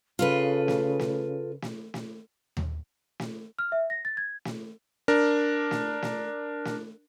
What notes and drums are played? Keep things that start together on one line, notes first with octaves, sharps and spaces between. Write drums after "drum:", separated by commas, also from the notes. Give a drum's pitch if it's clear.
C#3 F4 A4 B4
drum: snare
drum: snare
drum: snare
drum: snare
drum: tom D#2
drum: snare
F6
E5
A#6
A6
G#6
drum: snare
D4 A#4
drum: snare
drum: snare
drum: snare